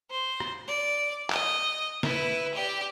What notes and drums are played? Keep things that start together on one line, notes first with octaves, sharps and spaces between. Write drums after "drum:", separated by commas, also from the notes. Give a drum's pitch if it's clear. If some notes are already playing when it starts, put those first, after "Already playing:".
C5
drum: rim click
D5
D#5, drum: clap
E4 B4, drum: snare
G4 D5